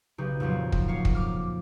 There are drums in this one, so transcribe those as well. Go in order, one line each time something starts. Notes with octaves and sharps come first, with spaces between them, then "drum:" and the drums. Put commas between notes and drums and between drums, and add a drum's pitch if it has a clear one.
B1 C#3 D#4 G4
F2 A#2 F3 F#3 C4
drum: kick
A#3 C#5 F5
drum: kick
D6 F6